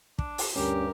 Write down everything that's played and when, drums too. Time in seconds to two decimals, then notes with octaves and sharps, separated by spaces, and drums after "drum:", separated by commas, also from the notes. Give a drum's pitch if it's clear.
0.19 D4, drum: kick
0.38 drum: open hi-hat
0.56 D2 G2 C#4 G4 A#4